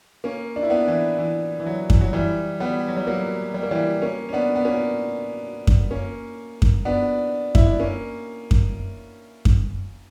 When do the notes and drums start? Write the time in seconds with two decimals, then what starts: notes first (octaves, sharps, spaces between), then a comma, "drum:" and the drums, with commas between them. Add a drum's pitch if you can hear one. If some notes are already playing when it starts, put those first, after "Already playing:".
0.24 A#3 C#4
0.56 D4
0.63 E4
0.70 B3 D4
0.88 E3
1.19 E3
1.60 E3
1.66 F#3
1.90 E3, drum: kick F#2
2.01 F#3
2.13 E3 G3
2.60 G3 B3
2.88 F#3
2.97 G3
3.07 F#3 A#3
3.54 G3
3.63 A#3
3.71 E3 G3
4.02 A#3 C#4
4.29 C#4
4.33 B3 D4
4.56 B3
4.65 A#3 C#4
5.67 drum: kick F#2
5.91 A#3 C#4
6.62 drum: kick F#2
6.85 B3 D4
7.55 E4, drum: kick F#2
7.67 D4
7.80 A#3 C#4
8.51 drum: kick F#2
9.45 drum: kick F#2